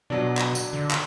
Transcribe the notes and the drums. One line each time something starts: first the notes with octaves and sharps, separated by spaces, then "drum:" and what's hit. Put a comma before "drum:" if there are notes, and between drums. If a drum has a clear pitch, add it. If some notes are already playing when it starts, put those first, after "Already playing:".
B2 F#3 D4
drum: clap
drum: tambourine
D3
drum: clap